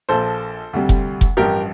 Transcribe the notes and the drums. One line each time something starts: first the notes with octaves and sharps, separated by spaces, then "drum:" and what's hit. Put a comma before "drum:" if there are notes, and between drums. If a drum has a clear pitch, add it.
A#1 A#2 F3 A4 C5
D2 C3 G3
drum: kick F1
drum: kick F1
A1 G2 F3 G4 A#4